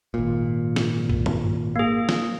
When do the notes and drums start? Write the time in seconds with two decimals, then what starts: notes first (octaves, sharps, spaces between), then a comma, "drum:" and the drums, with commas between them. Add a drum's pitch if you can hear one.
0.14 G#1 A#2
0.76 drum: snare
1.09 drum: kick
1.26 drum: tom G2
1.76 A#3 G#4
2.09 drum: snare